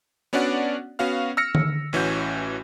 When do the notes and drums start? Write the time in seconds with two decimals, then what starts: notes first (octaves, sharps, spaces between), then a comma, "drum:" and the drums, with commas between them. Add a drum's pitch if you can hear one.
0.33 B3 C#4 D4 F#4 D5 F#5
0.99 B3 C#4 F#4 F5 F6
1.37 E6 F6 A#6 C#7
1.55 drum: tom D3
1.93 A1 E3 C#4 F#4 G6